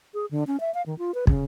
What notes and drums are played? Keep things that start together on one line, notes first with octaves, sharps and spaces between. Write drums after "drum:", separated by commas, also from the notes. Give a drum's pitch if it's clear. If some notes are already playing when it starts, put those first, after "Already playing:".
G#4
D3
C#4
E5
F5
D#3
F4
B4
C#3, drum: kick